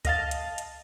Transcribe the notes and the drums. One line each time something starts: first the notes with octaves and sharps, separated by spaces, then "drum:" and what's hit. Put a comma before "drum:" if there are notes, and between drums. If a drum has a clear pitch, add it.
D#5 F5 A5, drum: kick C#2, hi-hat
drum: hi-hat
drum: hi-hat